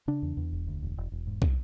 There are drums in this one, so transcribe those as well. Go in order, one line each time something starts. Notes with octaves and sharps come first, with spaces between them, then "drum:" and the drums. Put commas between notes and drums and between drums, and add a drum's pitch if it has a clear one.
C#3 D4
E2
E2
E1
D2
E1
E1
E1
G#2
drum: kick